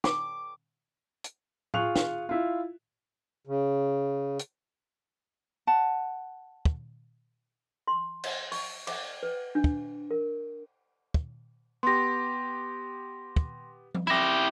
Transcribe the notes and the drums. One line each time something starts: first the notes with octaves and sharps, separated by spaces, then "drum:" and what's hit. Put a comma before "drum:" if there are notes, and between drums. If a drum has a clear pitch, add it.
D6, drum: snare
drum: hi-hat
F4 G#4 C#6 F#6 F7, drum: tom A2
drum: snare
E4 F4
C#3
drum: hi-hat
F#5 A5
drum: kick
C6
drum: cymbal
C#6, drum: open hi-hat
D6, drum: cymbal
B4
D4
drum: kick
A#4
drum: kick
B3 G4 C6 A#6
drum: kick
drum: tom F3
E4 G4 E5 A#6